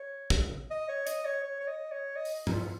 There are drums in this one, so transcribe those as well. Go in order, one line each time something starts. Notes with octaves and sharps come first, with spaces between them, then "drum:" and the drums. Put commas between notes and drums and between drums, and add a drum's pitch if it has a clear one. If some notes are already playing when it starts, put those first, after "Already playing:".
Already playing: C#5
drum: kick
D#5
C#5
D#5, drum: hi-hat
C#5
C#5
C#5
D#5
C#5
D#5
drum: open hi-hat
D#4, drum: tom G2
F4